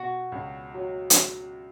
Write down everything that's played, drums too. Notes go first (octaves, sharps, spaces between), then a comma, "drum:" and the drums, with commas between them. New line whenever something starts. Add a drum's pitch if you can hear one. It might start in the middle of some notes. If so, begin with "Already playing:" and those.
Already playing: B2 F#4
C#2
F#3
drum: hi-hat